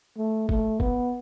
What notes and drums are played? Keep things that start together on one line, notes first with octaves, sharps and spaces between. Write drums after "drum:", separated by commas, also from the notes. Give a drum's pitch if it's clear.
A3
A3, drum: kick
B3, drum: kick